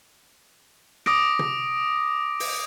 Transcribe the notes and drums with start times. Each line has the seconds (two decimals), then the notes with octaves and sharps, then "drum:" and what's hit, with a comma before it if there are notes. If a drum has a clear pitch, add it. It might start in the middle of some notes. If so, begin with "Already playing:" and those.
1.06 D6 D#6 A#6 D7, drum: rim click
1.39 drum: tom
2.40 drum: open hi-hat